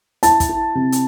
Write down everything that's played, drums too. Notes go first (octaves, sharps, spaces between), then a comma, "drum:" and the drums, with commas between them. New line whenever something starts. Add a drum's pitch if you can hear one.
E4 A5, drum: hi-hat
drum: kick, hi-hat
E4
C3
drum: hi-hat